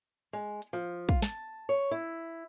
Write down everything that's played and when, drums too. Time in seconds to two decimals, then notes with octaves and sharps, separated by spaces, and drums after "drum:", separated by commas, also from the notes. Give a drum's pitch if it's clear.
0.33 G#3
0.62 drum: hi-hat
0.73 F3
1.09 F4, drum: kick
1.22 A5, drum: snare
1.69 C#5
1.91 E4